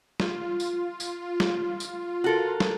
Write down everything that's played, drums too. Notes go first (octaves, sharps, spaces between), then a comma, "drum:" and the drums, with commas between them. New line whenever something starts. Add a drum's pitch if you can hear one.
F4, drum: snare
drum: tambourine
drum: tambourine
drum: snare
drum: tambourine
F#4 A4 A#4
drum: snare